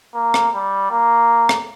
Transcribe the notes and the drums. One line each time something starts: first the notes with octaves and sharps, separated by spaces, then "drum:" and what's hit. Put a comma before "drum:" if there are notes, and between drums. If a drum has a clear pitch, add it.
A#3
drum: rim click
G3
A#3
drum: rim click